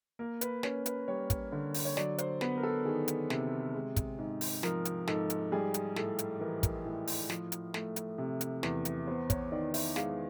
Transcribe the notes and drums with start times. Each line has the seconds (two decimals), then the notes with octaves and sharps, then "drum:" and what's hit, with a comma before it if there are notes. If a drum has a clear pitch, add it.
0.19 A#3 A#4
0.41 B4, drum: hi-hat
0.63 C#4 B4, drum: snare
0.86 B4, drum: hi-hat
1.08 G3 C#5
1.30 drum: kick, hi-hat
1.52 D3
1.74 drum: open hi-hat
1.85 C#5
1.97 F#3 D5, drum: snare
2.18 C5, drum: hi-hat
2.41 B3 B4, drum: snare
2.57 A#4
2.63 A4
2.85 D#3 G#4
3.08 drum: hi-hat
3.30 C3, drum: snare
3.75 G#3
3.96 drum: kick, hi-hat
4.18 G#2
4.41 drum: open hi-hat
4.63 F3 A#4, drum: snare
4.85 drum: hi-hat
5.07 G#2 A4, drum: snare
5.30 drum: hi-hat
5.52 G3 G#4
5.74 drum: hi-hat
5.96 A2 A4, drum: snare
6.19 drum: hi-hat
6.41 E3 A#4
6.63 drum: kick, hi-hat
6.85 A2
7.07 drum: open hi-hat
7.30 F3, drum: snare
7.52 drum: hi-hat
7.74 A3, drum: snare
7.96 drum: hi-hat
8.18 C3
8.41 drum: hi-hat
8.63 E2, drum: snare
8.85 drum: hi-hat
9.07 B3 C5
9.30 C#5, drum: kick, hi-hat
9.52 D#3 D5
9.74 E5, drum: open hi-hat
9.96 G#3 F5, drum: snare